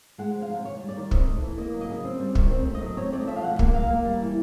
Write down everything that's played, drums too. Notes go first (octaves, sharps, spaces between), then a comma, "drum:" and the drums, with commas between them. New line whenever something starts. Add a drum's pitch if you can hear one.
G#3 F#5
F3
F5
C3
D#2 C#5
G3
D5
D#3
C4 D#5, drum: kick
A3
E3
A#3 D#5
F#3
D#5
C#3
C4
G3
D#3, drum: kick
C4
A3
D#5
F#3
C4 C#5
A3 D5
D#5
F3 E5
F5
B2 F#5
A#3 F5, drum: kick
F#3 F5
A#3
G3
E3